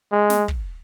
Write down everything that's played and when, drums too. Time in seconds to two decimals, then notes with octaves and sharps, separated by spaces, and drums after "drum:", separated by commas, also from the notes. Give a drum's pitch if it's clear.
0.12 G#3
0.30 drum: snare
0.48 drum: kick